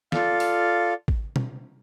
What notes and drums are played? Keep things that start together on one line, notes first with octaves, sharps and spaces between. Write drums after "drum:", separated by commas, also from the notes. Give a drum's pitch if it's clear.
F4 A4 D5 F5, drum: snare
drum: open hi-hat
drum: kick G#1
drum: tom B2